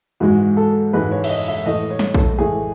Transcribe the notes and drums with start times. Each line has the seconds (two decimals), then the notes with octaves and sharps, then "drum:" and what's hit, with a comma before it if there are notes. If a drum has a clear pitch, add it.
0.20 G#2 E3 G#3 F#4
0.57 A4
0.93 G#2 E3 G#3 B4
1.11 C#5
1.24 E5, drum: cymbal
1.29 D#5
1.48 E5
1.66 A2 E3 A3 D#5
1.90 C#5
1.99 drum: snare
2.14 A4, drum: kick A#1
2.38 A2 E3 A3 G#4